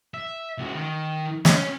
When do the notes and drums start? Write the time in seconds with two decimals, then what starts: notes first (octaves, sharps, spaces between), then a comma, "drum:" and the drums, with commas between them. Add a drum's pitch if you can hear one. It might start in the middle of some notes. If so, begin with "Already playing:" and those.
0.14 E5
0.58 C#2 F#4
0.75 D#3
1.45 C#4, drum: snare